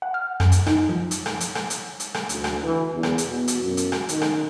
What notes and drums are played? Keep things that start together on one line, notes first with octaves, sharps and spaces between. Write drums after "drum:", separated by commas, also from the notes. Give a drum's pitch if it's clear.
F#5
F6
F#2, drum: rim click
drum: hi-hat
D#4, drum: rim click
F3
drum: hi-hat
drum: rim click
drum: hi-hat
drum: rim click
drum: hi-hat
drum: hi-hat
drum: rim click
D2, drum: hi-hat
drum: rim click
E3
E2
drum: rim click
drum: hi-hat
B2
drum: hi-hat
F#2
drum: hi-hat
drum: rim click
D#3, drum: hi-hat
drum: rim click